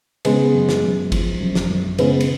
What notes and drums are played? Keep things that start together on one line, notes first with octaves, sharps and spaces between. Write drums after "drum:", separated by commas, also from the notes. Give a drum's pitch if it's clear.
C#3 G#3 B3, drum: cymbal
F#2
drum: snare
F#2
F3, drum: kick G1, cymbal
F#2
drum: snare
F#2
C#3 G#3 B3, drum: cymbal
drum: cymbal